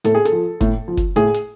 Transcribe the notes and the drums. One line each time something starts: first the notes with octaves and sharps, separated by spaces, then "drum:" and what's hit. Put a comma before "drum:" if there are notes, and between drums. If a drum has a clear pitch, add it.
A2 A4, drum: hi-hat
G#4
A4, drum: hi-hat
F3
A2, drum: kick F#1, hi-hat
F3
drum: kick F#1, hi-hat
A2 G#4, drum: hi-hat
drum: hi-hat